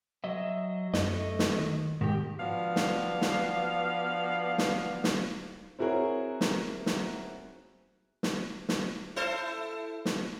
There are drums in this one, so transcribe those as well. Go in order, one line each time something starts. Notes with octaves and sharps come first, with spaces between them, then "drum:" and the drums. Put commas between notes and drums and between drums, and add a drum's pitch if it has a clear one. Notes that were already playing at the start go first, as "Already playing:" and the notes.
F#3 D#5 E5
F#2 A3 D#5, drum: snare
drum: snare
D#3
G#2 D#3 G4
F3 B3 D4 F#4 F5
drum: snare
drum: snare
drum: snare
drum: snare
C4 E4 F#4 G#4 A#4 C#5
drum: snare
drum: snare
drum: snare
drum: snare
E4 A4 C5
drum: snare